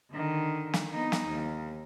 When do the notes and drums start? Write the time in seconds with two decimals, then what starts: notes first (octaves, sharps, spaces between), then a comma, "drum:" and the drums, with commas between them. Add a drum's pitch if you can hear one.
0.12 D3 D#3
0.74 drum: snare
0.93 B3 D#4
1.12 drum: snare
1.28 D#2